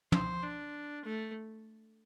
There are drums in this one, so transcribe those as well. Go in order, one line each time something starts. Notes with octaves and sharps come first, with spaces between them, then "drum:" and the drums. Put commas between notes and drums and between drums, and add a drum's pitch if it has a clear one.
C5, drum: tom
D4
A3